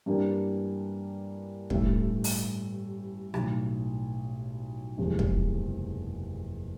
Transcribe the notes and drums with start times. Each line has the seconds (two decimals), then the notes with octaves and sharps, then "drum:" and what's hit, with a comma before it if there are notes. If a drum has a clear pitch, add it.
0.06 G2 E3 G3 A#3 D4
1.70 A1 G2 E3 A3, drum: kick
2.24 drum: open hi-hat
3.34 B1 A2 E3, drum: rim click
4.98 F#1 E2 C3 F3 G#3
5.19 drum: kick